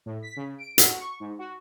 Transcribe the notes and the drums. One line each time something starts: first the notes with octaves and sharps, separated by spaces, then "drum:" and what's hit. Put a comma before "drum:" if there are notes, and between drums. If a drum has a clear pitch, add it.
A2
B6
C#3
D7
F#4, drum: hi-hat
C#6
G#2
F#4